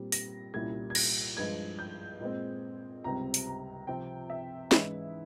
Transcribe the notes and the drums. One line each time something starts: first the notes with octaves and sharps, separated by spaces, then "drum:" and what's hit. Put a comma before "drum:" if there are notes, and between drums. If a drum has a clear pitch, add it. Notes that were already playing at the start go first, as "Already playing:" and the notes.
Already playing: A#2 G3 C4
A#6, drum: open hi-hat
C2 A#2 G3 C#4 E4 G#6
G#6
A#6, drum: cymbal
G2 F3 G#3 G#6
G6
A#2 G#3 C4
C#2 C3 G3 C4 A#5
drum: open hi-hat
A#5
C3 F3 C4 G5
E5
G#2 E3 G#3 C#4 E4, drum: snare